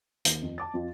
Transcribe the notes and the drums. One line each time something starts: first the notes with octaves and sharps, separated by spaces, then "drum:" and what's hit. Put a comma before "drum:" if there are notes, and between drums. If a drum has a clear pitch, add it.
D#2 D#3, drum: hi-hat
F2
A5 D6 A6
F2 F3